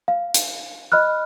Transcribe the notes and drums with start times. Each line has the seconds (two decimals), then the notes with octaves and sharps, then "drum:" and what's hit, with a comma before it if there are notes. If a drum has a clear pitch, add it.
0.08 F5
0.34 drum: hi-hat
0.92 D#5 B5 F6 F#6